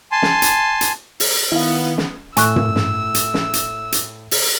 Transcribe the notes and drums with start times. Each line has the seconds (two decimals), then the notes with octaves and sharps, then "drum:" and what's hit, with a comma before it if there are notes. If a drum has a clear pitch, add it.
0.12 G#5 A5 C6
0.22 drum: snare
0.42 drum: hi-hat
0.81 drum: hi-hat
1.20 drum: open hi-hat
1.52 D#3 B3 E4 F5
1.98 drum: snare
2.37 A2 G#5 C#6 E6 F#6, drum: hi-hat
2.56 drum: tom
2.76 drum: snare
3.15 drum: hi-hat
3.34 drum: snare
3.53 drum: hi-hat
3.92 drum: hi-hat
4.31 drum: open hi-hat